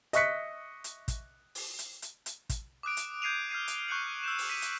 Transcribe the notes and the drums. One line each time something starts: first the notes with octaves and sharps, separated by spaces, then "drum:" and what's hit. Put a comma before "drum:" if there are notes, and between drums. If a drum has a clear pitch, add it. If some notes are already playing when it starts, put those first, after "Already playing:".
D#5 E5 C#6 F#6 B6 C#7, drum: hi-hat
drum: hi-hat
drum: kick, hi-hat
drum: open hi-hat
drum: hi-hat
drum: hi-hat
drum: hi-hat
drum: kick, hi-hat
D6 D#6 F#6 D7
drum: hi-hat
G6 G#6 C7 D#7 F7
F6 G6 C7 D#7
drum: hi-hat
C#6 F#6 G6 C#7 F#7
E6 G6 E7
drum: open hi-hat
B6 D#7
drum: hi-hat